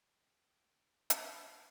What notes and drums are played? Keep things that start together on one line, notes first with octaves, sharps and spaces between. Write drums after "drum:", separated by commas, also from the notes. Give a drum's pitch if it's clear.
G5
D#5 F#5, drum: hi-hat